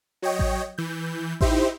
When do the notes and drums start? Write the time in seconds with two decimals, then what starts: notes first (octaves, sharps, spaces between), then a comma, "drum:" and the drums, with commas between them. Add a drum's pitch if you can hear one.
0.22 F#3 C#5 D#5 G5
0.39 drum: kick A1
0.78 E3 G6
1.41 D#4 E4 G4 C5 E5, drum: kick A1